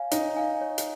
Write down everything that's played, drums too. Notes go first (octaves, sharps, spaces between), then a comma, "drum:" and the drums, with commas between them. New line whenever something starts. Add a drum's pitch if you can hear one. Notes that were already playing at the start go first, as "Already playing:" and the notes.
Already playing: C#5 F5 G#5
D#4 C#5, drum: hi-hat
F5 G#5
C#5
drum: hi-hat